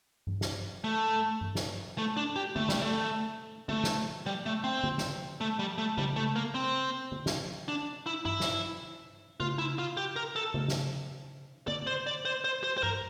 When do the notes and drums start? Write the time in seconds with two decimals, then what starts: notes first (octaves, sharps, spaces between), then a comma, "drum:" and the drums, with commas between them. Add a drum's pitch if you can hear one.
0.27 drum: tom G2
0.41 drum: snare
0.84 A3
1.41 drum: tom G2
1.55 drum: snare
1.98 A3
2.17 D4
2.36 G4
2.56 A3, drum: tom D3
2.69 G3, drum: snare
2.82 A3
3.69 A3, drum: tom D3
3.84 drum: snare
4.26 G3
4.46 A3
4.64 C4
4.83 drum: tom D3
4.98 drum: snare
5.41 A3
5.59 G3
5.78 A3
5.98 G3, drum: tom C#3
6.16 A3
6.36 A#3
6.55 C4
7.12 drum: tom D3
7.26 drum: snare
7.68 D4
8.06 E4
8.25 E4, drum: tom G2
8.40 drum: snare
9.40 F4, drum: tom C#3
9.59 E4
9.79 F4
9.97 G4
10.16 A#4
10.36 A4
10.54 drum: tom C#3
10.68 drum: snare
11.68 D5, drum: tom D3
11.87 C5
12.07 D5
12.25 C5
12.44 C5
12.64 C5
12.78 C5
12.83 A#4, drum: tom G2